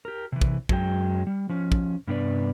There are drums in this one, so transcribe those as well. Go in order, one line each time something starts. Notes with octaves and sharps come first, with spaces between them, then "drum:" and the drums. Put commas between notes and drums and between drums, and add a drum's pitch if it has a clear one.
G4 A#4
C3 E3
drum: kick
F#2 F#3 G#3 F#4 G5, drum: kick
G3
F3 C#4
drum: kick
G2 C3 B3 D4 B4 D5